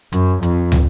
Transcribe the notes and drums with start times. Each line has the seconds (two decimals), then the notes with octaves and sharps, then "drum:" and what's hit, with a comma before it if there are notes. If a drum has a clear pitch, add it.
0.13 F#2, drum: hi-hat
0.43 F2, drum: hi-hat
0.72 drum: tom